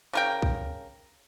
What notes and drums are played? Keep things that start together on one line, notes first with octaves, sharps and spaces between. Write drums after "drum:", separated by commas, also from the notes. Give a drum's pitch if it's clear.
C#3 A#4 G5
drum: kick